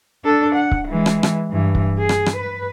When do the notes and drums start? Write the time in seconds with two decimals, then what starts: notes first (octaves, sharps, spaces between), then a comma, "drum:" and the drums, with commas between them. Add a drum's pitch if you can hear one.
0.24 D4 A4
0.56 F#5
0.71 drum: kick C#1
0.89 E3 G#3
1.06 drum: rim click
1.23 drum: rim click
1.50 G2 E3
1.75 drum: kick C#1
1.98 G#4
2.09 drum: rim click
2.26 drum: rim click
2.37 B4